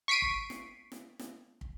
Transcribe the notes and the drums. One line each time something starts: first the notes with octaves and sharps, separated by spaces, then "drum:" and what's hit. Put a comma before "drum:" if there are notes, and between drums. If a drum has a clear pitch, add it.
C#6 B6 C7 D7 D#7
drum: kick
drum: snare
drum: snare
drum: snare
drum: kick